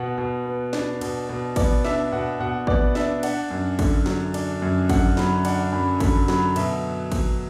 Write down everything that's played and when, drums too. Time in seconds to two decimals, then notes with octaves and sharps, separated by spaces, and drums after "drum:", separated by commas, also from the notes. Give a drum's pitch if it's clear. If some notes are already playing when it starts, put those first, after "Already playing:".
Already playing: B2 F#5
0.18 B2
0.46 B3
0.73 D4, drum: snare
1.01 B2, drum: cymbal
1.29 B2
1.56 B3 D5, drum: kick, cymbal
1.85 D4 E5, drum: snare
2.12 B2 F#5
2.40 B2 F#5
2.67 B3 D5, drum: kick
2.95 D4 E5, drum: snare
3.23 D4 F#5, drum: cymbal
3.50 F#2
3.79 D3, drum: kick, cymbal
4.06 F#3, drum: snare
4.34 D4, drum: cymbal
4.62 F#2
4.89 D3 F#5, drum: kick, cymbal
5.17 F#3 B5, drum: snare
5.45 D4 F#5, drum: cymbal
5.72 F#2 B5
6.00 D3 B5, drum: kick, cymbal
6.28 F#3 B5, drum: snare
6.56 B2 E5, drum: cymbal
7.12 drum: kick, cymbal